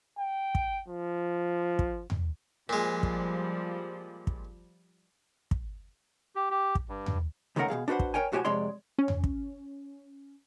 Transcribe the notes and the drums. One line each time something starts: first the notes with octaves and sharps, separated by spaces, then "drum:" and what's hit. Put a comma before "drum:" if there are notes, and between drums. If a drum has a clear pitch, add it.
G5
drum: kick
F3
drum: kick
drum: tom
A#2 F3 G3 G#3
drum: kick
drum: kick
drum: kick
G4
G4
drum: kick
G2
drum: tom
C#2 D#3 A3 C#4 A#4 F#5
B2 D#3 G#4 F5
D4 F#4 B4 C5 F#5
drum: kick
A#4 C#5 G5 G#5
B1 A2 F#4 G4 C5 G#5
F2 C3 G#3 C#5 D5 C6
C#4
drum: tom
drum: kick